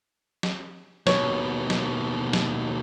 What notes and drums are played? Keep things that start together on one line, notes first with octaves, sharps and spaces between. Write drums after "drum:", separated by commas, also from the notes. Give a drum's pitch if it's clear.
drum: snare
D#2 B2 C#5, drum: snare
drum: snare
drum: snare